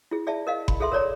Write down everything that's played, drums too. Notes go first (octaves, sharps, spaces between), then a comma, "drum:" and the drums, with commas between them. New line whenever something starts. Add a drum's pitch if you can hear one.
E4 G#4
G#4 D5 E5 A5
A#4 D#5 F5
B5, drum: kick F#1
G#4 A4 E5 C6
A#4 C#5 D5 A#5